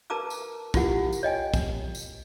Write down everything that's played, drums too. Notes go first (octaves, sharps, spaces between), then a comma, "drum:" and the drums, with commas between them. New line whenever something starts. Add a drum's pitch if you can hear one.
A#4 B4 A5 A#5 D6 E6
drum: tambourine
E4 F4 G4 A#4 F#5, drum: kick, tambourine
drum: tambourine
C#5 D#5 G5 G#5
drum: kick, tambourine
drum: tambourine